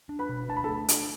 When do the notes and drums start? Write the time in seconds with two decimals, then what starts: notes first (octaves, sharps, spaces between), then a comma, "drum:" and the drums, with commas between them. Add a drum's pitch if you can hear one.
0.09 D4
0.19 B4 B5
0.29 B2
0.49 D4 A5
0.56 B5
0.64 A4 A5
0.69 A3
0.88 D4, drum: hi-hat